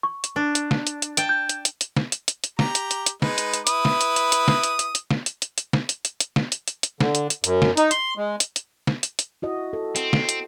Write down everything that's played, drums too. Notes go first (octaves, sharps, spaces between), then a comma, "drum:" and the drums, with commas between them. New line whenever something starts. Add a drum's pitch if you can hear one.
C#6
drum: hi-hat
D4
drum: hi-hat
drum: snare
drum: hi-hat
drum: hi-hat
G5 A5 D7, drum: hi-hat
G6
drum: hi-hat
drum: hi-hat
drum: hi-hat
drum: snare
drum: hi-hat
drum: hi-hat
drum: hi-hat
G4 A#5, drum: snare
drum: hi-hat
drum: hi-hat
drum: hi-hat
G#3 D#4 B4, drum: snare
drum: hi-hat
drum: hi-hat
E4 B4 D#6, drum: hi-hat
drum: snare
drum: hi-hat
drum: hi-hat
drum: hi-hat
drum: snare
drum: hi-hat
drum: hi-hat
drum: hi-hat
drum: snare
drum: hi-hat
drum: hi-hat
drum: hi-hat
drum: snare
drum: hi-hat
drum: hi-hat
drum: hi-hat
drum: snare
drum: hi-hat
drum: hi-hat
drum: hi-hat
D3, drum: snare
drum: hi-hat
drum: hi-hat
F#2, drum: hi-hat
drum: snare
D#4, drum: hi-hat
C6, drum: hi-hat
G#3
drum: hi-hat
drum: hi-hat
drum: snare
drum: hi-hat
drum: hi-hat
E4 F#4 D#5
A4
C4, drum: hi-hat
drum: snare
drum: hi-hat